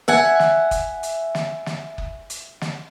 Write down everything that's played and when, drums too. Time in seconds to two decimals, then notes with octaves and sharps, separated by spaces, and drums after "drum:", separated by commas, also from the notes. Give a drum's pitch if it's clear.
0.08 E5 F#5 G#5, drum: snare
0.39 drum: snare
0.71 drum: kick F#1, hi-hat
1.03 drum: hi-hat
1.35 drum: snare
1.66 drum: snare
1.98 drum: kick F#1
2.30 drum: hi-hat
2.61 drum: snare